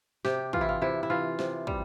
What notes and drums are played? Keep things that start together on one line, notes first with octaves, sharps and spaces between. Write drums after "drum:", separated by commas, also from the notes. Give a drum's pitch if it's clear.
C3 G4, drum: snare
E3 F4, drum: kick
E4
F4
C3 E4
E4
E3 F4
C3, drum: snare
G3, drum: kick